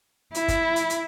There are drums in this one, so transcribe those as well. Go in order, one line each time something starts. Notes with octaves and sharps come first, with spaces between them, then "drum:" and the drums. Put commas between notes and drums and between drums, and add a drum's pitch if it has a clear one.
E4, drum: hi-hat
drum: kick, hi-hat
drum: hi-hat
drum: hi-hat